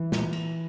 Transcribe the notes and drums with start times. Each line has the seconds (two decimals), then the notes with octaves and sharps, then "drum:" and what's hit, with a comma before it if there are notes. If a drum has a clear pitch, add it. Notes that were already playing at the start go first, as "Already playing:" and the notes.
Already playing: E3
0.12 A#2, drum: snare
0.33 drum: cymbal